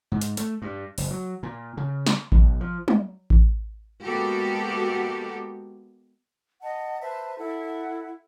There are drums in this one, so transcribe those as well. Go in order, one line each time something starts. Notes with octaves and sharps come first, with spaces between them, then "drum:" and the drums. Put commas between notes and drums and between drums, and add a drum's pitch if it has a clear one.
G#2
drum: hi-hat
A3, drum: hi-hat
G2
F#1, drum: open hi-hat
F#3
A#2
C#3
drum: snare
B1, drum: kick A1
F3
drum: tom
drum: kick A1
G#3 A#3 B3 F#4 G4 A4
D#5 F#5 A5
B4 C5 E5 A5
E4 A4 F#5